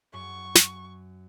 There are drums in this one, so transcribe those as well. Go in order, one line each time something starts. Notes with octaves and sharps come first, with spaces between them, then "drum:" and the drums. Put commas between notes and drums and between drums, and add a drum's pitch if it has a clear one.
F#2 C#6
drum: snare